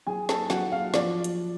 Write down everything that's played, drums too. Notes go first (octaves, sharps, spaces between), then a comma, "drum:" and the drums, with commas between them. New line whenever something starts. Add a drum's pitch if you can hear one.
F#3 G#4 G#5
A4 A5, drum: snare
F#3 F#4 F#5, drum: snare
F5
F3 D5, drum: snare
drum: hi-hat